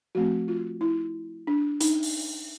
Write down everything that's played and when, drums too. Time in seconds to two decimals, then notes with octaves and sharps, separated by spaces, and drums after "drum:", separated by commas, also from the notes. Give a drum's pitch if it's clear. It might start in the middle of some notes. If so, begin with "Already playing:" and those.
0.15 F3 A3 C4 F#4
0.48 F4
0.81 E4
1.47 D4
1.81 D#4, drum: hi-hat
2.03 drum: open hi-hat